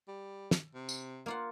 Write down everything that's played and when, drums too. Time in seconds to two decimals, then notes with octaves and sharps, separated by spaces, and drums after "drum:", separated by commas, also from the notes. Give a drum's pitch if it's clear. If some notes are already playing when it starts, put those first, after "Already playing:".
0.08 G3
0.51 drum: snare
0.75 C3
0.89 drum: tambourine
1.26 A#3 F4 F#5